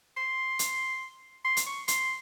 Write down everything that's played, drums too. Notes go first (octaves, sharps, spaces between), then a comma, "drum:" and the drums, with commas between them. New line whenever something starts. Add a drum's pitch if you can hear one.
C6
drum: hi-hat
C6
drum: hi-hat
C#6
C6, drum: hi-hat